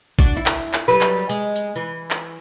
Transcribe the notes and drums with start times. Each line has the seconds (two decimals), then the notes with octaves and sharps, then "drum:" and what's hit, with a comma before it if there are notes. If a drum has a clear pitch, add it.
0.19 D4 F#4, drum: kick G#1, hi-hat
0.36 E4
0.46 drum: clap
0.73 drum: clap
0.88 F#3 G3 B4
1.01 drum: clap
1.29 G#3, drum: hi-hat
1.56 drum: hi-hat
1.76 E3
2.11 drum: clap